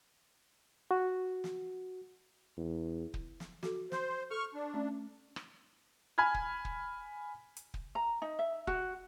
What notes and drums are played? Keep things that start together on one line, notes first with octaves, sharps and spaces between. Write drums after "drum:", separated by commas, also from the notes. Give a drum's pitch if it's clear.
F#4
drum: snare
E2
drum: kick
drum: snare
F#4 A4, drum: snare
C5, drum: snare
A4 C#6 F6
D4
A3 C#4
drum: rim click
G#5 B5 F6 G#6
drum: kick
drum: kick
drum: hi-hat
drum: kick
A#5
D#4
E5
F#4, drum: kick